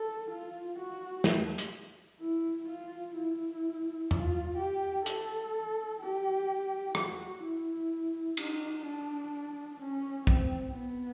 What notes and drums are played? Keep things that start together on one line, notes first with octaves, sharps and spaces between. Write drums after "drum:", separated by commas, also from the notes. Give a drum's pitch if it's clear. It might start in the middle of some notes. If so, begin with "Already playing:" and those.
Already playing: A4
F4
F#4
drum: snare
drum: hi-hat
E4
F4
E4
F4, drum: tom E2
G4
A4, drum: hi-hat
G4
F#4, drum: rim click
E4
D#4, drum: cymbal
D4
C#4
C4, drum: kick
B3